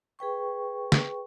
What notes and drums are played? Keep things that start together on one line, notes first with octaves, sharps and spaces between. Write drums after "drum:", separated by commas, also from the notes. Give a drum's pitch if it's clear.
G#4 B4 G5 C#6
drum: snare